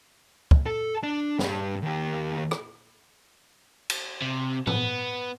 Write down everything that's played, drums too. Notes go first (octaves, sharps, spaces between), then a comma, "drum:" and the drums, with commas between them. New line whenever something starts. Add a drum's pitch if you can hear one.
drum: kick
A4
D4
G2 G3, drum: snare
D#2 G4
drum: rim click
drum: cymbal
C3
B3, drum: tom G#2